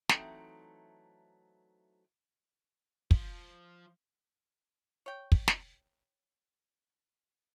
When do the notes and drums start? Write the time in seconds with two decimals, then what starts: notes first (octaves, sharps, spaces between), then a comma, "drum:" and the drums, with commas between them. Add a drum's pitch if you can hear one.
0.09 E3 F#3 A3 C4 D#4, drum: snare
3.11 F3, drum: kick
5.06 C#5 G5
5.32 drum: kick
5.48 drum: snare